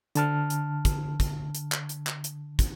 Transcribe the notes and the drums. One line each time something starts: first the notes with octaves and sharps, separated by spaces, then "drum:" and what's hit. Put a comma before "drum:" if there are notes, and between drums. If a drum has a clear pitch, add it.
D3 A5 F6, drum: hi-hat
drum: hi-hat
drum: kick, hi-hat
drum: kick, hi-hat
drum: hi-hat
drum: clap
drum: hi-hat
drum: clap
drum: hi-hat
drum: kick, hi-hat